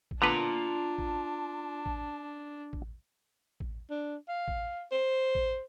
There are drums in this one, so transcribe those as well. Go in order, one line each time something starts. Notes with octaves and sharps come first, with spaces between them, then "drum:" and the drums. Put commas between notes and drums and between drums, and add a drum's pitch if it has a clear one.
drum: kick A1
D3 B3 D4 F4 B4 A5 A#5
drum: kick A1
drum: kick A1
drum: kick A1
drum: kick A1
D4
F5
drum: kick A1
C5
drum: kick A1